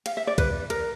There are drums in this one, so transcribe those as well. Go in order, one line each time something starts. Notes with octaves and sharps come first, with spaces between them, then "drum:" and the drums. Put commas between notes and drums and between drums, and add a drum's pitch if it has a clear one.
F5, drum: cymbal
E5
D5
B4, drum: kick, cymbal
A#4, drum: cymbal